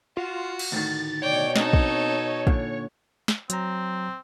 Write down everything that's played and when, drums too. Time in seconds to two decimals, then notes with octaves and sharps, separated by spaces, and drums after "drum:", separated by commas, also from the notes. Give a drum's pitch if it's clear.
0.17 F4 F#4
0.59 drum: cymbal
0.72 D2 A2 D#3 A6
1.22 B2 C#5 D5 G5
1.56 C4 D4 D#4 A4 D#5, drum: snare
1.73 drum: kick
2.47 A#2 D3, drum: kick
3.28 drum: snare
3.50 F#3 C4 A#5, drum: hi-hat